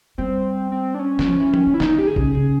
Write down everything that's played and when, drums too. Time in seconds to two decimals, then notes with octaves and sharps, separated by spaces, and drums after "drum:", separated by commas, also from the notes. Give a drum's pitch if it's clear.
0.18 G3 C4
0.72 C4
0.95 D4
0.99 C#4
1.19 F#3, drum: snare
1.26 F3
1.40 E3
1.54 D#3, drum: tom
1.67 D#3
1.74 E4
1.80 E3 D#4, drum: snare
1.98 D#3 G4
2.07 G#4
2.16 C#3, drum: kick A#1
2.34 C#3